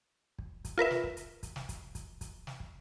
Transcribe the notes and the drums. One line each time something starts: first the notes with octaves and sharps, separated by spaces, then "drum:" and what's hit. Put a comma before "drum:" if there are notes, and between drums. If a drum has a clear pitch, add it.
drum: kick
drum: kick, hi-hat
F4 A#4 B4 E5
drum: snare
drum: kick
drum: hi-hat
drum: kick, hi-hat
drum: snare
drum: kick, hi-hat
drum: kick, hi-hat
drum: kick, hi-hat
drum: snare
drum: kick